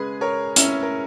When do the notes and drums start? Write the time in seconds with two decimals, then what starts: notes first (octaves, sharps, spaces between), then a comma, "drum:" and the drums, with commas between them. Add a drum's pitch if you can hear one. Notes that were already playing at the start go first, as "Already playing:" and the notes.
Already playing: C#3 G#3 G#4 B4
0.21 A#4 C#5
0.56 C#4 E4, drum: hi-hat
0.83 A#4